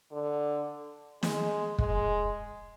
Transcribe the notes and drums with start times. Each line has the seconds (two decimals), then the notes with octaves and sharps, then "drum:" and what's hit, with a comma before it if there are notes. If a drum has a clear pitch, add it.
0.12 D3
1.23 G#3, drum: snare
1.78 G#3, drum: kick